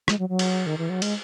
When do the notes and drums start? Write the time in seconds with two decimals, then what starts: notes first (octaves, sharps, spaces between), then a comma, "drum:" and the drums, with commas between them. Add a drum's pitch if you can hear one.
0.08 G#3, drum: rim click
0.19 F#3
0.29 F#3
0.39 drum: cymbal
0.66 D#3
0.78 E3
0.89 F#3
1.02 G#3, drum: cymbal